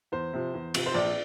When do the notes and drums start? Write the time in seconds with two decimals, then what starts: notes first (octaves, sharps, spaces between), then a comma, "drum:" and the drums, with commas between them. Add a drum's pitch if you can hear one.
0.12 E2 C5
0.33 C3 F3
0.54 E2
0.74 C3 F3, drum: cymbal
0.86 C5
0.94 A#1 D5